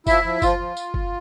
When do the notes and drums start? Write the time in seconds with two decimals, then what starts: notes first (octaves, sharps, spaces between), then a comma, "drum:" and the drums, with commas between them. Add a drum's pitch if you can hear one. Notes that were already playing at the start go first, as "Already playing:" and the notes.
0.07 F3 E4 E5, drum: kick F#1, tambourine
0.25 F3
0.42 F3 F4, drum: kick F#1, tambourine
0.59 F3
0.77 drum: tambourine
0.94 drum: kick F#1